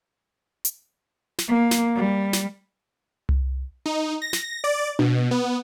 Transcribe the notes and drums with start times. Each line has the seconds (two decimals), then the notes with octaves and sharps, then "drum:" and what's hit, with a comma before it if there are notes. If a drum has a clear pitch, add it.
0.65 drum: hi-hat
1.38 drum: snare
1.48 A#3
1.71 drum: snare
1.96 G3
2.33 drum: snare
3.29 drum: tom C2
3.86 D#4
4.22 A#6
4.33 drum: snare
4.64 D5
4.99 B2, drum: tom D4
5.31 B3